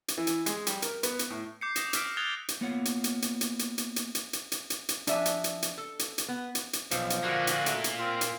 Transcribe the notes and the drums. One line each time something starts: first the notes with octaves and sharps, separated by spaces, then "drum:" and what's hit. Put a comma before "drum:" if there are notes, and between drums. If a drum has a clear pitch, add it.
drum: hi-hat
E3
drum: hi-hat
G#3, drum: hi-hat
G3, drum: hi-hat
A#4, drum: hi-hat
B3, drum: hi-hat
drum: hi-hat
A2
D6 G6 C7 C#7
D#6 G6 A#6 E7, drum: hi-hat
E6 F6 B6 D7, drum: hi-hat
D#6 F#6 G#6 A6 F7 G7
drum: hi-hat
A#3 B3 F4 C#5 F#5
drum: hi-hat
drum: hi-hat
drum: hi-hat
drum: hi-hat
drum: hi-hat
drum: hi-hat
drum: hi-hat
drum: hi-hat
drum: hi-hat
drum: hi-hat
drum: hi-hat
drum: hi-hat
F3 D4 E5 G#5, drum: hi-hat
drum: hi-hat
drum: hi-hat
drum: hi-hat
A4
drum: hi-hat
drum: hi-hat
B3
drum: hi-hat
drum: hi-hat
B1 F3, drum: hi-hat
drum: hi-hat
A#2 D3 A#3 F#4
drum: hi-hat
A3, drum: hi-hat
drum: hi-hat
C4 F4
drum: hi-hat